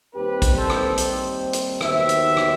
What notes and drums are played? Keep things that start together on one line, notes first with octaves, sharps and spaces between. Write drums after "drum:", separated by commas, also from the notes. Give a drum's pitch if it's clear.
D#2 D#3 G3 C4 G4 B4
drum: kick, hi-hat
A4 C5
drum: rim click
drum: hi-hat
drum: hi-hat
D#2 D#3 F#3 B3 C5 E5, drum: rim click
drum: hi-hat
drum: rim click